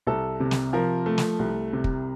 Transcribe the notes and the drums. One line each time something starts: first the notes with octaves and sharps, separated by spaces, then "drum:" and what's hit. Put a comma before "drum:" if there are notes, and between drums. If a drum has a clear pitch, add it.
C2 A4
C3
drum: snare
F3 A#4
A3
drum: snare
C2
C3
drum: kick